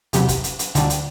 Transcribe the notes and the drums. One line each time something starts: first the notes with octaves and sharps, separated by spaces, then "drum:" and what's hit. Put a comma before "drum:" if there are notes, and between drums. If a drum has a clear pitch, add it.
E2 C3 F#3 B3 G4, drum: hi-hat
drum: kick, hi-hat
drum: hi-hat
drum: hi-hat
D2 D3 G3 D4, drum: hi-hat
drum: hi-hat